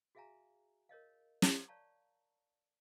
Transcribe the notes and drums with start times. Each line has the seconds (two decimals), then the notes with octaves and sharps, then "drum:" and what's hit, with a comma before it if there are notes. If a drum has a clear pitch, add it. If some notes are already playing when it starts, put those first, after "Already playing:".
0.15 F#4 G#4 E5 F5 G#5 A#5
0.89 A#4 C#5 D#5 F5
1.42 drum: snare
1.68 C#5 D5 F5 A5 A#5 C#6